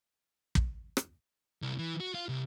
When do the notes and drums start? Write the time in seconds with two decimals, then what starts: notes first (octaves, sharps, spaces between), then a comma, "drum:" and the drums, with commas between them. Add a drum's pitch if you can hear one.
0.55 drum: kick
0.97 drum: rim click
1.62 C2
1.79 E3
2.00 F#4
2.14 F4
2.29 C2